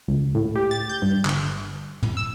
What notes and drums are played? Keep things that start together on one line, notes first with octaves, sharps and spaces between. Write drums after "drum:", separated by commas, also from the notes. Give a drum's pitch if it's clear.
C#2
A2
G4
A6
G6
G2
G1, drum: clap
drum: tom
E6